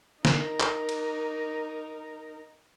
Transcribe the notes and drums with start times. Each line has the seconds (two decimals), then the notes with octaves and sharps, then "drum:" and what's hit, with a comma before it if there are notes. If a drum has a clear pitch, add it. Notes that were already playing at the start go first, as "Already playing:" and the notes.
0.25 D#4 A#4, drum: snare
0.60 drum: clap
0.89 drum: cymbal